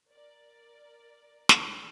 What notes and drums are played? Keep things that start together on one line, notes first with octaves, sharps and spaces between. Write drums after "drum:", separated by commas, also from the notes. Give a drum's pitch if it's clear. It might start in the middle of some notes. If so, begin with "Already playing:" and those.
A#4 D5
drum: snare